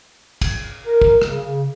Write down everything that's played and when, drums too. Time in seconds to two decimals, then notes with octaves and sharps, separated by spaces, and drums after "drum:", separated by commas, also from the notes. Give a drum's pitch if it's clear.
0.41 drum: kick, cymbal
0.85 A#4
1.01 drum: kick
1.22 C#3, drum: rim click